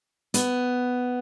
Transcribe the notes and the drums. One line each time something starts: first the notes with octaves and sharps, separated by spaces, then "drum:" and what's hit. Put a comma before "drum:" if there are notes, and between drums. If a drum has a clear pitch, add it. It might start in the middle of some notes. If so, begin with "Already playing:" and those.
B3, drum: hi-hat